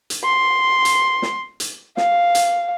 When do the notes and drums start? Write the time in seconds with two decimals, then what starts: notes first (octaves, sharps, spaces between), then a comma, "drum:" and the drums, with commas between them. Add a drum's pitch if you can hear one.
0.10 drum: hi-hat
0.24 C6
0.85 drum: hi-hat
1.22 drum: snare
1.60 drum: hi-hat
1.97 F5, drum: snare
2.35 drum: hi-hat